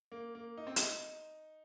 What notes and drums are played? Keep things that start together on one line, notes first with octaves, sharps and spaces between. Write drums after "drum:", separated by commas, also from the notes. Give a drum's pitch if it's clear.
A#3
A#3
D#4
C4
D#4, drum: hi-hat